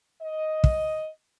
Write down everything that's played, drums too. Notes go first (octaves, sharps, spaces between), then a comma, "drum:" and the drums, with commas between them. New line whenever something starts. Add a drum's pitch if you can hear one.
D#5
drum: kick